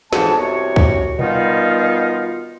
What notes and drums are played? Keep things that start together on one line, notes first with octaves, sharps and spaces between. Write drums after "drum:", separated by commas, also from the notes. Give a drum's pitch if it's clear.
F2 G#2 E3 B3 C#5 A5, drum: snare
C2 F#4 C#5
drum: kick C#2
B2 D#3 G3 B3 D#4 F4, drum: tom B2